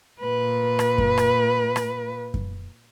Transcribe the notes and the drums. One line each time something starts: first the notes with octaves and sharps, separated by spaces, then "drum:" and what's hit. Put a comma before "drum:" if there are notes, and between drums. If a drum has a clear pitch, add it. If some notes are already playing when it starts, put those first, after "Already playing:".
A#2 B4
drum: rim click
drum: kick F#2
drum: rim click
drum: rim click
drum: kick F#2